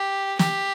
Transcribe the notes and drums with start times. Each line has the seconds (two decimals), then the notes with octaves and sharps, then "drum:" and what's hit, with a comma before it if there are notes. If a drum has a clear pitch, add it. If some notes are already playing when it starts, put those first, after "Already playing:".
Already playing: G4
0.39 G4, drum: snare